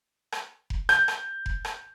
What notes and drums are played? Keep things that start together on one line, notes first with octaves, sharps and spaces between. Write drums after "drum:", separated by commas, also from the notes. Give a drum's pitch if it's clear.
drum: rim click
drum: kick F1
G6, drum: rim click
drum: rim click
drum: kick F1
drum: rim click